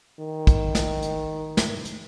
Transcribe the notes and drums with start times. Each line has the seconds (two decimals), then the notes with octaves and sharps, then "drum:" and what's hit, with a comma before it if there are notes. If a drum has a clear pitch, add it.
0.20 D#3
0.47 drum: kick, hi-hat
0.75 drum: snare
1.02 drum: hi-hat
1.57 drum: snare
1.85 drum: hi-hat